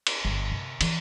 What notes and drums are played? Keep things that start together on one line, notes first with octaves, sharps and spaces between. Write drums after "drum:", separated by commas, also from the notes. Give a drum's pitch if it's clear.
drum: cymbal
G1
C3
E3, drum: cymbal